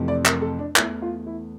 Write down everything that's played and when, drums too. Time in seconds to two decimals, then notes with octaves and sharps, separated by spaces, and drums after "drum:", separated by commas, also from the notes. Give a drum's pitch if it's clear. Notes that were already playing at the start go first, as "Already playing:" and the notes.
Already playing: F2 C3 E3 A3
0.08 D5
0.26 A#4, drum: clap
0.42 A4
0.59 D4
0.76 E2 E3 A3 E4, drum: clap
1.02 F4
1.26 E4